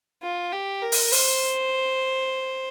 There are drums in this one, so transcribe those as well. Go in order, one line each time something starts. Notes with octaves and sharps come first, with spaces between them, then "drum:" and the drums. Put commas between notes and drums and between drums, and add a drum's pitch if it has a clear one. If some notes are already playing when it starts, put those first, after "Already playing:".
F4
G4
A#4
drum: open hi-hat
C5, drum: open hi-hat